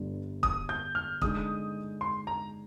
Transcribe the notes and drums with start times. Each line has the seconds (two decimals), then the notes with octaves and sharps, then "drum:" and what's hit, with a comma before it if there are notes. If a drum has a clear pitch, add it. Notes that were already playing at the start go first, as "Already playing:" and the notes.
Already playing: G1 G2 D3
0.43 D#6, drum: kick
0.69 G6
0.95 F6
1.22 D3 G#3 D#4 D#6, drum: kick
2.01 C6
2.27 A#5